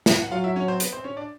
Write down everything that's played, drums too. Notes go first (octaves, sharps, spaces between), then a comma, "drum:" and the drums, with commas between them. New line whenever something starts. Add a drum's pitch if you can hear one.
drum: snare
F#5
F#3 F4 F5
E4 E5
C#4 C#5
C4 C5
B3 B4, drum: hi-hat
C4 C5
C#4 C#5
D4 D5